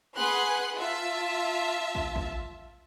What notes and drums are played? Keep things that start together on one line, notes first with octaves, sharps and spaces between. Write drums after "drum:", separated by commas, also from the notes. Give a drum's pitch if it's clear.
G#4 B4 F#5 C6 F#6, drum: tom G#3
F4 E5 A5
drum: kick
drum: kick